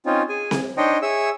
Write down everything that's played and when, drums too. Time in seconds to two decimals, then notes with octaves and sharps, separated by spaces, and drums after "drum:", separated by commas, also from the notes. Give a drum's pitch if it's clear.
0.06 C4 C#4 D#4 F4
0.29 G#4 G#5
0.51 drum: snare C4
0.77 D4 D#4 C5 C#5 D#5 G5
1.02 G#4 C#5 E5 E6